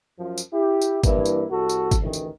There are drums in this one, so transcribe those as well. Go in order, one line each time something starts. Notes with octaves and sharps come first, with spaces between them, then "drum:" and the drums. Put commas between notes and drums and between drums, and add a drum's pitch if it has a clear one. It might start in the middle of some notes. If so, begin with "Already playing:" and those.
F#2 F3
drum: tambourine
E4 G4
drum: tambourine
G2 E3 A#3 E4, drum: kick G#1, tambourine
drum: tambourine
C2 F#4 A4
drum: tambourine
drum: kick G#1, tambourine
A1 D2 D#3 E3
drum: tambourine